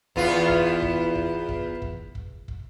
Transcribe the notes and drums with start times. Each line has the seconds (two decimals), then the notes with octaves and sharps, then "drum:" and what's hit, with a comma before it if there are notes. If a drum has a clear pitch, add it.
0.16 E2 B3 F4, drum: kick
0.49 drum: kick
0.82 drum: kick
1.15 drum: kick
1.49 drum: kick
1.82 drum: kick
2.15 drum: kick
2.48 drum: kick